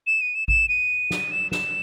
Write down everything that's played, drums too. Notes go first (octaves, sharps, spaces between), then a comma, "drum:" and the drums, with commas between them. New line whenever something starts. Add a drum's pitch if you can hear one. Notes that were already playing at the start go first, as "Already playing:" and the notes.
E7
D#7
E7
E7, drum: kick G#1
D#7
drum: snare
E7
E7, drum: snare